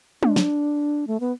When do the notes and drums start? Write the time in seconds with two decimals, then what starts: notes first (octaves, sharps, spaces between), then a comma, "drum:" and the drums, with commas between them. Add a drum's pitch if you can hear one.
0.23 D4, drum: tom G3
0.36 drum: snare
1.07 A3
1.20 B3